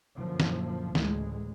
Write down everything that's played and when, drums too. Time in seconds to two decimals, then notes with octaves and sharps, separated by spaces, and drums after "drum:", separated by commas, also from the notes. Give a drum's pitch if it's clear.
0.16 F#2 A#2 D3 F3
0.40 drum: snare
0.95 A1 D2 C#3 G#3, drum: snare